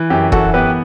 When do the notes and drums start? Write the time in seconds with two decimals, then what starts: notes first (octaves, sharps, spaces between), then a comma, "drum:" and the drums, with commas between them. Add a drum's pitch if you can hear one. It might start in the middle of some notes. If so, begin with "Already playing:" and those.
Already playing: E3
0.10 F#2 G4
0.32 E3 F#4 A4, drum: kick
0.54 B3 G4 B4